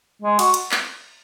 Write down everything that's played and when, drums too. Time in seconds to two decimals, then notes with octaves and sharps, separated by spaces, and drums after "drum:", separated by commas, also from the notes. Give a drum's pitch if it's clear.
0.22 G#3
0.39 F#4, drum: cymbal
0.54 drum: hi-hat
0.71 drum: clap